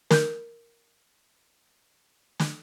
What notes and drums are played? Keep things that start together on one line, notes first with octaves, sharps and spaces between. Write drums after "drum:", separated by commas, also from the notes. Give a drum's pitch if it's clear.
A#4 G6, drum: snare
drum: snare